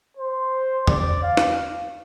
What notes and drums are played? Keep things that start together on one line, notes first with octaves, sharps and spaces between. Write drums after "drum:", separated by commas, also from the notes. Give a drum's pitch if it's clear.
C5
D5, drum: tom E2
F5
drum: snare